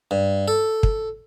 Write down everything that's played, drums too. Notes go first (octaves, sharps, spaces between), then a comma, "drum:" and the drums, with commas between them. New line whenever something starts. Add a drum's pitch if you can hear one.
G2
A4
drum: kick